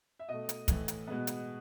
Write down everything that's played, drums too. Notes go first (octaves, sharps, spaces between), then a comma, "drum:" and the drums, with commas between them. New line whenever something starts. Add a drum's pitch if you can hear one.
E5
B2 A3 D#5
drum: hi-hat
A2 E3 A3, drum: kick, hi-hat
drum: hi-hat
B2 G#3 B3
drum: hi-hat